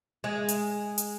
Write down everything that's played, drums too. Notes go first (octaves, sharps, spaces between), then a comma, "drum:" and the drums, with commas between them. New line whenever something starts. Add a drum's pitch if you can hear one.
G#3
drum: hi-hat
drum: hi-hat